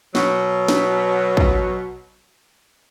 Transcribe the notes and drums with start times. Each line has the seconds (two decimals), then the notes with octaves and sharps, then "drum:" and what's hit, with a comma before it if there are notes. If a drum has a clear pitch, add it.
0.15 B2 F#3, drum: snare
0.68 drum: snare
1.37 drum: kick